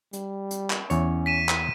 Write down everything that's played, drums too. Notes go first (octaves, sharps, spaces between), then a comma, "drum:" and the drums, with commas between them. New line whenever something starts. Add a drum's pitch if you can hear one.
G3, drum: hi-hat
drum: hi-hat
drum: clap
E2 C#4 C#5, drum: hi-hat
B6 D#7 E7
drum: clap